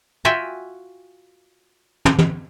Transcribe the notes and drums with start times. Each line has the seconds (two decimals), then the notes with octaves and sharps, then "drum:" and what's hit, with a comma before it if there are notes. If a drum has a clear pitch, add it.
0.25 F4 F#4 E5 G5 G#5
2.05 drum: tom
2.19 drum: tom